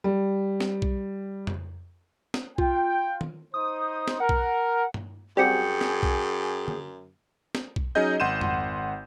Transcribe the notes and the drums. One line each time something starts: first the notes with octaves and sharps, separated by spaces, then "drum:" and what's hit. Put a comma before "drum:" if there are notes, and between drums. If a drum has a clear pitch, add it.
G3
drum: snare
drum: kick
drum: tom F2
drum: snare
F4 G5, drum: kick
drum: tom
D#4 C5 D#6
drum: snare
A#4 F#5
drum: kick
drum: tom G2
F#2 G3 C4 F#4 G#4 G5 G6 C#7
drum: snare
drum: kick
drum: tom D3
drum: snare
drum: kick
F#3 C#4 D#4 G#4 D#5 G6
G#1 F#5 C6 G6 D#7 E7
drum: tom F2